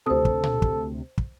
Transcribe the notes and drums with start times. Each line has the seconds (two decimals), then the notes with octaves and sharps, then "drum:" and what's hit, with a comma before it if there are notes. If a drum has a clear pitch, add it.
0.06 D2 C3 A4 C5 D#6
0.25 drum: kick
0.43 drum: tom A#2
0.62 drum: kick
1.18 drum: kick